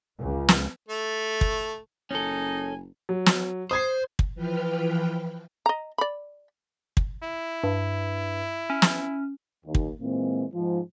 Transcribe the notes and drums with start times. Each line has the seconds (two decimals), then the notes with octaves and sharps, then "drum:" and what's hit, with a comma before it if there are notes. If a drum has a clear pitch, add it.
0.21 C#2
0.49 drum: snare
0.89 A3
1.41 drum: kick
2.11 F#1 C#4 D#4 A4 G#5
3.09 F#3
3.26 drum: snare
3.71 C5 D#6 G#6 C7
4.19 drum: kick
4.35 E3 F3 B4 G5 F6
5.66 D#5 A#5
5.98 D5 B5
6.97 drum: kick
7.23 E4
7.64 G2
8.70 C#4
8.82 drum: snare
9.65 D#2
9.75 drum: kick
10.00 A#2 E3 G#3 A#3 C4
10.53 G#2 F3